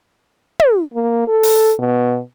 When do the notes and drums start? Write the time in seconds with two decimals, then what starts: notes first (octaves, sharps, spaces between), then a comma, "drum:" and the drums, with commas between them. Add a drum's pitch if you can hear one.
0.60 drum: tom
0.94 A#3
1.28 A4
1.43 drum: open hi-hat
1.79 B2